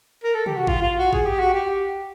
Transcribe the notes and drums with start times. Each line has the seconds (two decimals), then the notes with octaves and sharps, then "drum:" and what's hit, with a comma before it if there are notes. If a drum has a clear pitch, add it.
0.24 A#4
0.34 A4
0.46 G4, drum: tom
0.56 F#4
0.67 F4, drum: kick G#1
0.82 F4
0.98 F#4
1.13 G#4, drum: kick G#1
1.26 G4
1.39 F#4
1.54 G4